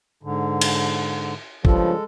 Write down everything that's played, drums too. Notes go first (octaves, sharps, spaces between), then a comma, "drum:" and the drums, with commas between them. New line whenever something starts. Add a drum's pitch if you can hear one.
G#2 D3
drum: cymbal
G2 C#3 F3 G#3 A4, drum: kick